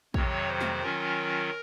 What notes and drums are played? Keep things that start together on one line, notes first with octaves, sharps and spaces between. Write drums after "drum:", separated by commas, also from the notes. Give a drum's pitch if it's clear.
F2 C3 D#3 F#3 C#5, drum: kick
C5
drum: snare
D#3 F#3 C#4 F4 A#4